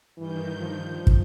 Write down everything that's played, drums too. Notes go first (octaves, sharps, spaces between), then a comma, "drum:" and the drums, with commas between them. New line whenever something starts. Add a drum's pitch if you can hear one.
G2 D#3 E3 G6
F3
drum: kick